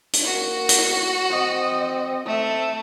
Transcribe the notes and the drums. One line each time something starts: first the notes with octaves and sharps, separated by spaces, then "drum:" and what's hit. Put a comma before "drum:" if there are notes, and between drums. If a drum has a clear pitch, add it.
drum: hi-hat
A#3 F#4
drum: hi-hat
C4 D#5
A3 C4 E5